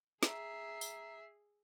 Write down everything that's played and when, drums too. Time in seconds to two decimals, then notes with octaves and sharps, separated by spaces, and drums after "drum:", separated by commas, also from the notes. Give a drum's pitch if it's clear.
0.23 G#4 E5 A#5 C7, drum: snare
0.81 drum: tambourine